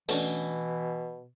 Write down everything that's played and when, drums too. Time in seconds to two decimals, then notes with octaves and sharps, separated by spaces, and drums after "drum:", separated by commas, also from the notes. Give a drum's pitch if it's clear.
0.09 B2 E3 A3 C#4 D4, drum: open hi-hat